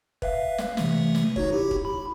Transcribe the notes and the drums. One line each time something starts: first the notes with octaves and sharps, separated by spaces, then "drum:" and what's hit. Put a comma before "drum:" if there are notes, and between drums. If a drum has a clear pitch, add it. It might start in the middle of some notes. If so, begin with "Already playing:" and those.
B4 E5 F5, drum: kick
drum: snare
C3 E3 A3, drum: snare
drum: snare
D#4 F#4 C#5, drum: kick
E4 G4
drum: kick
B5